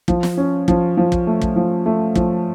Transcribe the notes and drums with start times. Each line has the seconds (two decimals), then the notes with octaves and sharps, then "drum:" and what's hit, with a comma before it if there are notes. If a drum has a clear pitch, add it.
0.08 F3, drum: kick
0.23 drum: snare
0.37 C#4
0.68 F3, drum: kick
0.97 F3
1.12 drum: kick
1.27 A3
1.42 drum: kick
1.56 F3
1.86 A3
2.16 F3, drum: kick